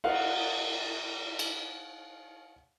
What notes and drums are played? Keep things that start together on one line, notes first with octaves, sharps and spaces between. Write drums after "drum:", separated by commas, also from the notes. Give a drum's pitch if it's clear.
F5 F#5, drum: cymbal
drum: cymbal